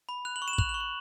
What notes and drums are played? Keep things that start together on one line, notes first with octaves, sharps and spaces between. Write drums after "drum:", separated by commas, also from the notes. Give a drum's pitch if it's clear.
B5
F#6 F7
F#7
C#6
E7
F#7
F#6 F7, drum: kick
F#7
C#6
F#7